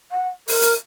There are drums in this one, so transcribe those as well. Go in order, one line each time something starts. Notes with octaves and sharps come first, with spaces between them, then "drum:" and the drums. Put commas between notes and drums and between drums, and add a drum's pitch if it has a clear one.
F#5
A#4, drum: open hi-hat
drum: hi-hat